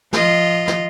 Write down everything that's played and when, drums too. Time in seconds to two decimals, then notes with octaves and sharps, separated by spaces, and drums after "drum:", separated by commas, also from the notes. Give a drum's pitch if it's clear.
0.13 F3 F4 D#5, drum: snare
0.68 drum: snare